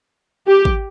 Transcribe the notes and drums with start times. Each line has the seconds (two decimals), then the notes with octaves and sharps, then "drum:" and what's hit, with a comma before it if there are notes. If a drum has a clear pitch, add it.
0.48 G4
0.65 drum: kick G#1